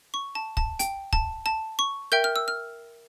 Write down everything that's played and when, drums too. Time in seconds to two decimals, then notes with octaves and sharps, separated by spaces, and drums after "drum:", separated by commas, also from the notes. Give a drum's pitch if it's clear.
0.14 C#6
0.35 A5
0.57 A5, drum: kick
0.79 G5, drum: hi-hat
1.13 A5, drum: kick
1.46 A5
1.79 C#6
2.12 A#4 E5 G5 G6
2.24 F6
2.36 E6
2.48 F6